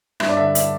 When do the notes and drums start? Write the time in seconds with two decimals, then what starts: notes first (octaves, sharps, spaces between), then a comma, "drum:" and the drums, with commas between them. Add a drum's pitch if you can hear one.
0.20 G2 E5, drum: rim click
0.29 D5
0.37 D3 E5
0.55 E5, drum: hi-hat